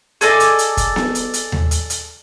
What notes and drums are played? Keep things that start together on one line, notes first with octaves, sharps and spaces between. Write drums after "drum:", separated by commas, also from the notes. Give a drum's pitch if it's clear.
G#4 A4 D5 D#5, drum: hi-hat
drum: hi-hat
drum: hi-hat
drum: kick, hi-hat
drum: snare B3
drum: hi-hat
drum: hi-hat
drum: tom D#2
drum: hi-hat
drum: hi-hat